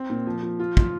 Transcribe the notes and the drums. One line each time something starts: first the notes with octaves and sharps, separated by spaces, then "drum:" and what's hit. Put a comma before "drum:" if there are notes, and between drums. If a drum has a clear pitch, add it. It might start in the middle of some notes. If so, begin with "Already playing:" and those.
Already playing: C4
A#2
F3
F3
F4
F4, drum: kick